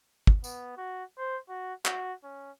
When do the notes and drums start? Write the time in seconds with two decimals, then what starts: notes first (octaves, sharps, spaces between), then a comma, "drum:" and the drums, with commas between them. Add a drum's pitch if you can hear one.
0.27 drum: kick
0.44 B3, drum: tambourine
0.77 F#4
1.18 C5
1.49 F#4
1.85 F#4, drum: clap
2.24 C#4